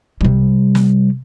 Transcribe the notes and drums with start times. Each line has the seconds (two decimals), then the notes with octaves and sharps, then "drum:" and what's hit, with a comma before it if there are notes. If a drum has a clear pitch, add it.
0.21 C3 G3, drum: kick C2
0.75 drum: snare